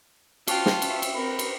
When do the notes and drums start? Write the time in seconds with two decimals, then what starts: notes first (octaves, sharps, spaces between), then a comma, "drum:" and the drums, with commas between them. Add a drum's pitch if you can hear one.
0.48 F#3 F4 F#4 G5 A5 C6, drum: cymbal
0.66 drum: snare
0.82 C#4 E5, drum: cymbal
1.02 drum: cymbal
1.14 C4 A#4 B4 B5
1.39 drum: cymbal